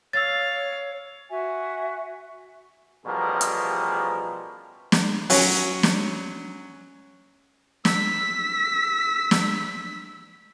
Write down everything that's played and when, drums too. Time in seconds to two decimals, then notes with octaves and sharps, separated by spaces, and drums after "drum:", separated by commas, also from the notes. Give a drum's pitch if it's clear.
0.13 C#5 F5 E6 A6
1.30 F#4 E5 G#5
3.05 A1 B2 F3 G3 G#4 A#4
3.41 drum: hi-hat
4.92 drum: snare
5.30 F#3 C#4, drum: open hi-hat
5.83 drum: snare
7.85 E6 B6, drum: snare
9.31 drum: snare